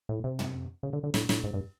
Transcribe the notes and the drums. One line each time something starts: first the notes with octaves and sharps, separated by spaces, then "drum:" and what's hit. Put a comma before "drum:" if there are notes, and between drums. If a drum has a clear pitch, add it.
A2
C3
drum: tom
C#3
D3
D3
A2, drum: snare
A2, drum: snare
G#2
G2